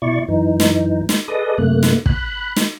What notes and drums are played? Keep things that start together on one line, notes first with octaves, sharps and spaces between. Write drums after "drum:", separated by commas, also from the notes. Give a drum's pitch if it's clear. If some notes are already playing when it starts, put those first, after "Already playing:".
B2 E4 D5 C#6
F#2 E3 D#4
drum: snare
drum: snare
G#4 A4 B4 D5 D#5 D#6
F#2 C3 A3 A#3 F#6
drum: snare
B5 F#6, drum: kick
drum: snare